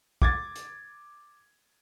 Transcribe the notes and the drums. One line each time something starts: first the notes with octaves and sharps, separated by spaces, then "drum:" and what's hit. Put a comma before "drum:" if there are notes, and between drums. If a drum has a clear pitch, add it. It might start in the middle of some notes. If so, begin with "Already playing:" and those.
D6 G#6 A6, drum: kick
drum: hi-hat